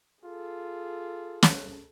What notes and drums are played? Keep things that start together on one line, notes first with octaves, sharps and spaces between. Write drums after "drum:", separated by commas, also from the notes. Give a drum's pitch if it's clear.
F4 G#4 A4
drum: snare